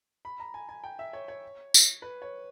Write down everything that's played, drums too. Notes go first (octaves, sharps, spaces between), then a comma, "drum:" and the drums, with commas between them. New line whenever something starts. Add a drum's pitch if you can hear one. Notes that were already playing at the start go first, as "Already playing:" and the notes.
B5
A#5
G#5
G#5
G5
E5
C#5
C#5
drum: tambourine
B4
C#5